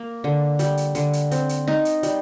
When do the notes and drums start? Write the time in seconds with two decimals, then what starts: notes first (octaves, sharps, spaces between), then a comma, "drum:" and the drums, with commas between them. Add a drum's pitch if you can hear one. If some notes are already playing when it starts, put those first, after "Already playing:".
Already playing: A#3
0.24 D3
0.59 G3, drum: hi-hat
0.77 drum: hi-hat
0.95 D3, drum: hi-hat
1.13 drum: hi-hat
1.31 C4, drum: hi-hat
1.49 drum: hi-hat
1.67 D#4, drum: snare
1.85 drum: hi-hat
2.03 G3, drum: hi-hat